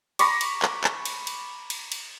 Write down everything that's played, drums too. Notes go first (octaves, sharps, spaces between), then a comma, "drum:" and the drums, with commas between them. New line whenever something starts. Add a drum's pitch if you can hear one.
A#5 B5 C#6 D6, drum: cymbal
drum: cymbal
drum: clap
drum: clap
drum: cymbal
drum: cymbal
drum: cymbal
drum: cymbal